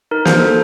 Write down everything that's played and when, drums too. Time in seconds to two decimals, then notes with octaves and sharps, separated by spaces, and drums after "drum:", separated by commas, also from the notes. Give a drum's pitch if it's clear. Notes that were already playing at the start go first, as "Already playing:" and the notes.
0.11 D#4 A#4
0.25 C5, drum: snare
0.33 A#3
0.40 A4